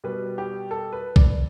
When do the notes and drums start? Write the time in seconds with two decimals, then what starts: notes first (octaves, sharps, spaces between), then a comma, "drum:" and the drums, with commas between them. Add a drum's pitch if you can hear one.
0.04 B2 G3 B4
0.38 G4
0.71 A4
0.93 B4
1.16 D5, drum: kick B1